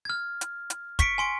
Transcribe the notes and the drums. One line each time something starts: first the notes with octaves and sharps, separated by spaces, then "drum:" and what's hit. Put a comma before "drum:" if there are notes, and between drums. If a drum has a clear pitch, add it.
F6 G#6
drum: hi-hat
drum: hi-hat
C#6 B6 C#7 D7, drum: kick, hi-hat
G#5 C6 D7